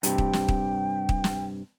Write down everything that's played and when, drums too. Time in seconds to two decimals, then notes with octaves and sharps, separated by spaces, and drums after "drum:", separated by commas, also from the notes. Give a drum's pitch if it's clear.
0.03 G2 C3 G5, drum: hi-hat
0.18 drum: kick
0.33 drum: snare
0.48 drum: kick
1.09 drum: kick
1.24 drum: snare